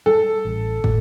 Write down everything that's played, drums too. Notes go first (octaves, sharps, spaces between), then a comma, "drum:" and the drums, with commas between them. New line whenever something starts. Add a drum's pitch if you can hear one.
G3 A4
A1
A2, drum: kick